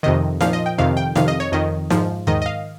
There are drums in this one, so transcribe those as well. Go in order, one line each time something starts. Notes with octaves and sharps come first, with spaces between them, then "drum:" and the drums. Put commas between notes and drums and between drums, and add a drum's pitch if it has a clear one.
F2 C3 D#3 D#5
A#2 F3 F5, drum: snare D#4
D#5
G5
F2 C3 D#3 F5
G5
F2 C3 D#3 F5, drum: snare D#4
D#5
C#5
F2 D#3 D#5
G#2 F3, drum: snare D#4
G#2 D#3 D#5, drum: tom D#2
D#5
F5